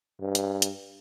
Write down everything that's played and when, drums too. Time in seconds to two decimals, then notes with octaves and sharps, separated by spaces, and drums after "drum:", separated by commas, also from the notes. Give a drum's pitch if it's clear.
0.21 G2
0.35 drum: hi-hat
0.62 drum: hi-hat